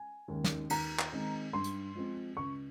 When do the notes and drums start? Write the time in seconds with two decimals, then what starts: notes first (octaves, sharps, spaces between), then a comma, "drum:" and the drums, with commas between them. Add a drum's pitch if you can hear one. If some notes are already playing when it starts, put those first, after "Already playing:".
Already playing: G#5
0.28 D#2 D#3 G#3 C#4
0.44 drum: snare
0.70 D#2 A#5, drum: cymbal
0.99 drum: clap
1.13 D#3 G#3 C4
1.53 G2 C6
1.64 drum: hi-hat
1.95 F3 G#3 C4
2.37 C#2 C#6